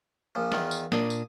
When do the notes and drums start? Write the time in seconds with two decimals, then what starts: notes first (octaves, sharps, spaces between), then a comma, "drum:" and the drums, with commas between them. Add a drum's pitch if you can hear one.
0.35 A#1 A#2 F3
0.52 E2 D#3 F4, drum: snare
0.71 drum: tambourine
0.92 A#2 A#3 D4 D#6, drum: snare
1.10 drum: tambourine